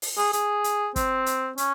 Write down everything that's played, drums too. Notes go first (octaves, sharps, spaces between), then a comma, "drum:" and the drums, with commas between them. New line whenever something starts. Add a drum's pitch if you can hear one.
drum: open hi-hat
G#4
G#4, drum: hi-hat
drum: hi-hat
C4, drum: kick, hi-hat
drum: hi-hat
C#4, drum: hi-hat